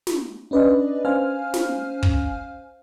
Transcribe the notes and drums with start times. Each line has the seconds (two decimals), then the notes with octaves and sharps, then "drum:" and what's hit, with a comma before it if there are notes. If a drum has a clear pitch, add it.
0.07 drum: snare
0.51 C#4 D4 B4 D5 D#5
1.05 C#4 C5 F5 G#5 F6
1.54 drum: snare
2.03 drum: kick